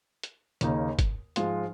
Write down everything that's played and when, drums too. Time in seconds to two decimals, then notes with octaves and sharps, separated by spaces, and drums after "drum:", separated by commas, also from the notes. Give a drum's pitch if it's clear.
0.23 drum: hi-hat
0.61 D#2 C#3 A#3 D#4, drum: hi-hat
0.99 drum: kick, hi-hat
1.36 G#2 F3 G#3 F4, drum: hi-hat